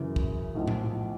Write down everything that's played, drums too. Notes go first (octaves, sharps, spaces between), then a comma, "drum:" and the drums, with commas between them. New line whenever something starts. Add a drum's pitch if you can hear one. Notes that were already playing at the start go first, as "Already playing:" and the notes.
Already playing: F#2 C#3 E3
drum: kick
B1 A2 F3
drum: tom A2